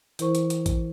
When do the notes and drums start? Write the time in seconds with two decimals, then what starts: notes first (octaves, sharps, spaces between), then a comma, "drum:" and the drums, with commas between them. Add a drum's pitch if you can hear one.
0.19 E3 E4 A#4 C5 C#6, drum: hi-hat
0.35 drum: hi-hat
0.50 drum: hi-hat
0.66 drum: kick, hi-hat